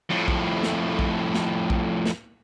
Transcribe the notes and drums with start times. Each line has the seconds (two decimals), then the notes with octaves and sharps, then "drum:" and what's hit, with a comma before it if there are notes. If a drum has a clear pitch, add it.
0.10 F2 A2
0.28 drum: kick A#1
0.63 drum: snare
0.99 drum: kick A#1
1.34 drum: snare
1.70 drum: kick A#1
2.06 drum: snare